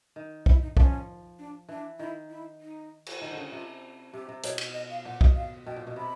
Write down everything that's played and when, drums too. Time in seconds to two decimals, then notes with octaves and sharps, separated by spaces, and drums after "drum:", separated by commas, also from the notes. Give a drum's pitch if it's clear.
0.16 D#3
0.46 E4, drum: kick
0.62 D#4
0.77 F3 C#4, drum: kick
1.39 D4
1.69 E3 D4
1.99 D#3 E4
2.30 E4
2.61 D#4
3.06 drum: cymbal
3.22 D#3
3.31 D3
3.37 C#3
3.52 C3 F4
4.14 C3 G4
4.29 C3
4.43 B2 C#5, drum: hi-hat
4.58 drum: cymbal
4.74 D#5
4.90 F5
5.05 A#2 F#5
5.21 B2, drum: kick
5.35 F5
5.66 B2 G5
5.76 A#2
5.87 B2
5.96 C3 B5